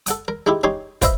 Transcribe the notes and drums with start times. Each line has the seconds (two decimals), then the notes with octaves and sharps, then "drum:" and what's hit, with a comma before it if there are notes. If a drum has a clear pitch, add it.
0.06 A4 F#5 D#6, drum: hi-hat
0.28 A#4
0.46 G#3 D#4 E4 G4
0.64 C#4 D#4 G4 G#5 C6
1.02 F4 B4 C5 D#5 E5, drum: kick, hi-hat